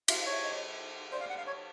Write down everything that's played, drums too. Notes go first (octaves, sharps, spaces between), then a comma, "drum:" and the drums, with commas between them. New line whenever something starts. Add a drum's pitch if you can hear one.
E5 F5, drum: cymbal
F5
C#5
E5
D#5
C5 D5
F5
F#5
F5
C#5